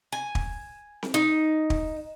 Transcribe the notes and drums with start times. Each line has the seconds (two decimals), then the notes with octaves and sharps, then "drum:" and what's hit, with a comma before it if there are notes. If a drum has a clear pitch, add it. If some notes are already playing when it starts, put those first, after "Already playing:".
0.12 G#5
0.35 drum: kick
1.03 drum: snare C4
1.14 D#4
1.70 drum: kick